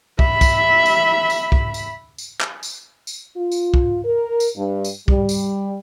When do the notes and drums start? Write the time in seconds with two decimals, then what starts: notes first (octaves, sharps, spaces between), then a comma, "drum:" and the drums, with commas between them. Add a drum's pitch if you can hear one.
0.19 E5 B5, drum: kick
0.41 drum: kick, tambourine
0.85 drum: tambourine
1.30 drum: tambourine
1.52 drum: kick
1.74 drum: tambourine
2.18 drum: tambourine
2.41 drum: clap
2.63 drum: tambourine
3.07 drum: tambourine
3.37 F4
3.51 drum: tambourine
3.74 drum: kick
4.05 A#4
4.40 drum: tambourine
4.57 G2
4.84 drum: tambourine
5.08 G3, drum: kick
5.29 drum: tambourine